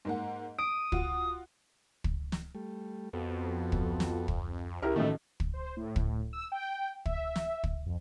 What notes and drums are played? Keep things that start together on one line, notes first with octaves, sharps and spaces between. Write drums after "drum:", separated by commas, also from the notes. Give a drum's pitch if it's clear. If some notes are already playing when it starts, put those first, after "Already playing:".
G#2 A#3 F#5
D#6 D7
F4 F#4, drum: kick
drum: kick
drum: snare
G3 A3
F2 B3 F#4 A4
drum: kick
drum: snare
drum: kick
C#2 E4 G4 A#4
A1 D#3 A3 F#4 A4
drum: kick
C5
A2
drum: kick
E6
G5
E5, drum: kick
drum: snare
drum: kick
F2